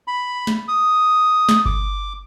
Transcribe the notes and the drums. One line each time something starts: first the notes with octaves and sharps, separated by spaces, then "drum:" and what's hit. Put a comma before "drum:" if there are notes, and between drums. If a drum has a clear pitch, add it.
B5
drum: snare
D#6
drum: snare
D6, drum: kick G1